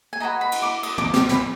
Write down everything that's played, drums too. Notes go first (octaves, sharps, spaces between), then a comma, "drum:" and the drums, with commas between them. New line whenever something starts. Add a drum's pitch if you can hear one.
G#5
F#4 B4 D#5 A#5
B5
drum: cymbal
D6
D#6, drum: cymbal
D6, drum: tom
drum: snare
B5, drum: snare